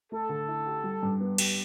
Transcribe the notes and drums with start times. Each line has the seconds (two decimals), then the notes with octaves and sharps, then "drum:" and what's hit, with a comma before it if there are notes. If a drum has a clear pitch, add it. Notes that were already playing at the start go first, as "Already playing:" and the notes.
0.12 A3 A4
0.29 D3
0.48 E4
0.66 G4
0.84 G3
1.03 G2
1.20 B3
1.38 G4, drum: cymbal